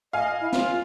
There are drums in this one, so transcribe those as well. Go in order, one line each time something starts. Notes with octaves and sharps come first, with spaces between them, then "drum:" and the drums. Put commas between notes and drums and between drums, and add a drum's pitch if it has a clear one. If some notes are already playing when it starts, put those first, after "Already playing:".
D#5 F5 G#5
E4
F4, drum: snare